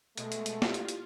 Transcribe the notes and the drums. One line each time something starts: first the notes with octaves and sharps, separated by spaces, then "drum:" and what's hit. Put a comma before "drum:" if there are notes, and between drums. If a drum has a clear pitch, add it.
B2 G#3 A3, drum: hi-hat
drum: hi-hat
drum: hi-hat
E4 F4 G4 D5, drum: snare
drum: hi-hat
drum: hi-hat